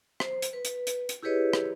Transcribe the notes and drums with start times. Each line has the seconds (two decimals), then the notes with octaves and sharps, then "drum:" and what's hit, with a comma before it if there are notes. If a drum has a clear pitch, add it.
0.20 C5, drum: rim click
0.42 drum: hi-hat
0.53 B4
0.65 drum: hi-hat
0.87 drum: hi-hat
1.09 drum: hi-hat
1.23 E4 G4 G#4 B4 C#5 D#5
1.53 drum: rim click